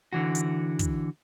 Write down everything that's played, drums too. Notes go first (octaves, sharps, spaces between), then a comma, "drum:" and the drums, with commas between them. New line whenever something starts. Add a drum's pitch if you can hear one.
D3 E3 F#4
drum: hi-hat
drum: kick, hi-hat